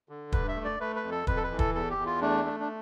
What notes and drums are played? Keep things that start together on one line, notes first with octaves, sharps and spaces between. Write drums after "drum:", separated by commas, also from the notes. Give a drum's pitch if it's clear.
D3
G2 B4, drum: kick
E5
A3
D5
A3 B4
B4
F2
A4
F2 B4, drum: kick
A4
B4
E3
A4, drum: kick
E2 A4
G4
E2
F4
A3 D4
A3
D4